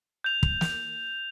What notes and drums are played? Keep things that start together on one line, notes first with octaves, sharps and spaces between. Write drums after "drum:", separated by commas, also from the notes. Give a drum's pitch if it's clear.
G6 F7
drum: kick
drum: snare